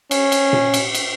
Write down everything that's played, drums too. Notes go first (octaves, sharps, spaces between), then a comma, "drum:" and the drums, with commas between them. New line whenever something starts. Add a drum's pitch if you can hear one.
C#4, drum: cymbal
drum: cymbal
drum: tom A#2
drum: cymbal
drum: cymbal